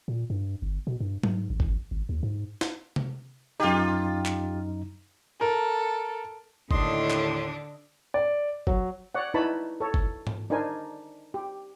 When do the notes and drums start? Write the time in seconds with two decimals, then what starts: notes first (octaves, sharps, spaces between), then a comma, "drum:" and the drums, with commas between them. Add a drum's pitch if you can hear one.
0.08 A#2
0.30 G2
0.62 G1
0.87 B2
1.00 G2
1.23 G#2, drum: tom F#3
1.50 A1
1.60 drum: kick
1.91 G#1
2.09 D#2
2.23 G#2
2.61 drum: snare
2.96 drum: tom C3
3.60 F#2 D#4 F4 G4
4.26 drum: clap
5.41 A4 A#4
6.71 D#2 A2 D3 D4 D#5 C6, drum: kick
7.11 drum: clap
8.14 D5
8.67 F#3, drum: kick
9.15 C#5 D5 F#5
9.34 D#4 E4 B4 C#5 A5 B5
9.80 A4 C#5
9.94 drum: kick
10.27 drum: tom G#2
10.50 D4 D#4 A#4 C5 G#5
11.34 G4